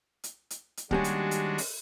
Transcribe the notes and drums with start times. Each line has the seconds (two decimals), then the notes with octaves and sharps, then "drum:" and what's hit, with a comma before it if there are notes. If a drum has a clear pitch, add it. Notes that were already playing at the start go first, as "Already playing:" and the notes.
0.24 drum: hi-hat
0.50 drum: hi-hat
0.77 drum: hi-hat
0.91 D#2 G3 G#3 C#4 D4 F#4, drum: kick
1.04 drum: hi-hat
1.31 drum: hi-hat
1.58 drum: open hi-hat